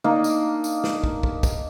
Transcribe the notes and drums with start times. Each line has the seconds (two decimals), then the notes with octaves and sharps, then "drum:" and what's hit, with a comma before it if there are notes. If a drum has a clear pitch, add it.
0.04 A#3 D4 D#4 D#5
0.24 drum: tambourine
0.64 drum: tambourine
0.84 drum: snare
1.04 drum: kick
1.23 drum: kick
1.43 drum: kick, tambourine